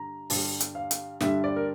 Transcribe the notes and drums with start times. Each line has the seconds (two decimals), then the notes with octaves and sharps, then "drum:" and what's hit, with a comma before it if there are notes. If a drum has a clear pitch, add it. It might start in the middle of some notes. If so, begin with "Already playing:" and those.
Already playing: G2 D3 A#5
0.30 G2 D3 G3 D4 A5, drum: open hi-hat
0.60 drum: hi-hat
0.75 F5
0.91 drum: hi-hat
1.20 G2 D3 G3 D4 E5, drum: snare
1.44 D5
1.56 A#4